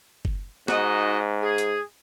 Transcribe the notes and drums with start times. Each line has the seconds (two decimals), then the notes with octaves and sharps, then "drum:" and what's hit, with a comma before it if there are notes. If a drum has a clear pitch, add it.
0.25 drum: kick F#1
0.68 G#2 D#4 F#4 D#5, drum: snare
1.43 G#4
1.58 drum: hi-hat